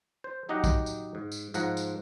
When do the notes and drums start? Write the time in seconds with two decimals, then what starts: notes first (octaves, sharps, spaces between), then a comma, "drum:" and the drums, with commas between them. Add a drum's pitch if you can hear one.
0.24 C5
0.49 F#3 D#4 G4 D#5 F#5
0.64 drum: kick, tambourine
0.86 drum: tambourine
1.15 G#2
1.32 drum: tambourine
1.54 G#2 F3 F#5 A#5, drum: tambourine
1.77 drum: tambourine